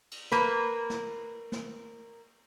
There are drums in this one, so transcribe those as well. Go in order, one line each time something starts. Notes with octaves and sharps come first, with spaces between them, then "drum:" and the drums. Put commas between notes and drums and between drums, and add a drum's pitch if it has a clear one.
drum: cymbal
A#3 B4, drum: snare
drum: snare
drum: snare